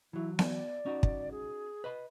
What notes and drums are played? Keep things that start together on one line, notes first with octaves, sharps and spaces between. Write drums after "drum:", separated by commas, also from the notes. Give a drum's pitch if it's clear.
E3 F#3 E4
D5, drum: snare B3
C#4 D#4 F#4
drum: kick
G#4
B4 D#5 B5